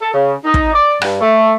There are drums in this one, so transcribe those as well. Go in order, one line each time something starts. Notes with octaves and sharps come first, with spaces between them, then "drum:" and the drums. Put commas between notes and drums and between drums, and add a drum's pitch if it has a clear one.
A4
C#3
D#4
drum: kick
D5
G2, drum: rim click
A3